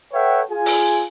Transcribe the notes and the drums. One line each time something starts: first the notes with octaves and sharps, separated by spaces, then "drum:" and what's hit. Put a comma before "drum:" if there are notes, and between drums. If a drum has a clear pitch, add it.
A4 B4 C#5 E5 F#5 G5
F4 G#4 G#5
drum: open hi-hat